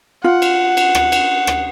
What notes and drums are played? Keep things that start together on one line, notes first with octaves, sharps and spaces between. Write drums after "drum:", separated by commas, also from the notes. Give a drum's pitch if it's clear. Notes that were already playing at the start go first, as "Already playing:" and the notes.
F4 F#5
drum: cymbal
drum: cymbal
drum: rim click
drum: cymbal
drum: rim click